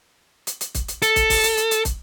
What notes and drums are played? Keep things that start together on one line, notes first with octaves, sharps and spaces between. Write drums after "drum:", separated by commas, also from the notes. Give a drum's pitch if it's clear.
drum: hi-hat
drum: hi-hat
drum: kick, hi-hat
drum: hi-hat
A4, drum: hi-hat
drum: kick, hi-hat
drum: kick, open hi-hat
drum: hi-hat
drum: hi-hat
drum: hi-hat
drum: kick, hi-hat